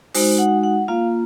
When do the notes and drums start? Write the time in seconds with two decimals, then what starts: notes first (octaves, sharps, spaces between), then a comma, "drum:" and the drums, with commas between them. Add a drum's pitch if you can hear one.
0.14 G#3 D#4 F#4 C5, drum: open hi-hat
0.38 F#5
0.63 F#5
0.88 A#3 F4 F5